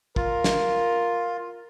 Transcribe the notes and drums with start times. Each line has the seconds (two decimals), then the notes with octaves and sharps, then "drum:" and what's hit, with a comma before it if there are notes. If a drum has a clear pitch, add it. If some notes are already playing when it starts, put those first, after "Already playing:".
0.16 F4 A#4, drum: kick
0.44 drum: snare